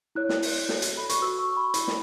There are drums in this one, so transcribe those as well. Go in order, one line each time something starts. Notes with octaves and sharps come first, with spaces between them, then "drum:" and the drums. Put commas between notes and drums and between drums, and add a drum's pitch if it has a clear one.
E4 C#5 F#6
drum: snare
drum: open hi-hat
F#4 A4 C#5, drum: snare
drum: hi-hat
B5
C#6, drum: hi-hat
F#4 B4 E6
C#6
B5
E4 B4, drum: hi-hat
drum: snare